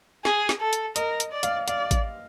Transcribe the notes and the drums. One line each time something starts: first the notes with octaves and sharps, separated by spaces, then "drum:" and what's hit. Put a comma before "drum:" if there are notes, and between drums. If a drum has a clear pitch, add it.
G#4, drum: snare
drum: snare
A4
drum: hi-hat
A#4 D#5, drum: hi-hat
drum: hi-hat
D5
F5, drum: hi-hat
D5 F5, drum: hi-hat
drum: kick G#1, hi-hat